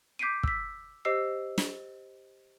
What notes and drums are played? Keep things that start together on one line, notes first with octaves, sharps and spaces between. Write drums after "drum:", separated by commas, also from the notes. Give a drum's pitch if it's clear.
D6 G6 B6 C7 D7 D#7
E6 B6, drum: kick
G4 C5 D#5 E6 C7
drum: snare